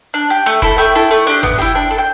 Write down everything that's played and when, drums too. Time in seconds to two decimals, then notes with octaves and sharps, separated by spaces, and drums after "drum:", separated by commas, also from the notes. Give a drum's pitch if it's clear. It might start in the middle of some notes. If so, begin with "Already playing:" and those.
0.14 D4
0.30 G4
0.46 A3
0.62 E4 A4, drum: kick
0.78 A3 E5 G5
0.95 E4 A4
1.11 A3
1.27 D4 G4
1.43 B3, drum: tom G1
1.58 E4 G4, drum: hi-hat
1.75 D4
1.91 A4
1.98 G5